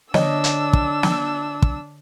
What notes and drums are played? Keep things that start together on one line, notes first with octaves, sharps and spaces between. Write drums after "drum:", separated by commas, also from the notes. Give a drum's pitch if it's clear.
D3 D4 C#5 D#5 E6, drum: snare
drum: hi-hat
drum: kick
drum: snare
drum: kick